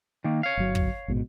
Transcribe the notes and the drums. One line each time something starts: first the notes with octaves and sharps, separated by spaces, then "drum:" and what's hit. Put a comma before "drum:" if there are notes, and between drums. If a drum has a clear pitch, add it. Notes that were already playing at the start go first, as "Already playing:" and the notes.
D#3 A#3
C#5 F5
G1 F#3
drum: kick
A1 G#2 B2